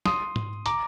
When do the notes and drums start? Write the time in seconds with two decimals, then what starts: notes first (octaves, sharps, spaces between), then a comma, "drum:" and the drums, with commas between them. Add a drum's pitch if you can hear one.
0.06 C6 D#6, drum: snare
0.36 drum: tom G#2
0.66 A#5 D6, drum: hi-hat